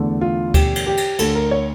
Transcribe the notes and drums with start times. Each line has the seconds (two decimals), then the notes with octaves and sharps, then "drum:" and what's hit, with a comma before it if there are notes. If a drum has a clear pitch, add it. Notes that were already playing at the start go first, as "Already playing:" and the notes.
Already playing: E2 D3 A3
0.21 F4
0.54 G4, drum: kick D2, cymbal
0.76 drum: cymbal
0.87 G4
0.97 drum: cymbal
1.19 D2 D3 A3 A4, drum: cymbal
1.35 A#4
1.51 C#5